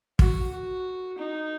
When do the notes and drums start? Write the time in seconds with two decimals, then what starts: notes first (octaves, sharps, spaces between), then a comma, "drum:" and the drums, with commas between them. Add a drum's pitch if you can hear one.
0.19 F#4, drum: kick
0.51 F#4
1.18 D#4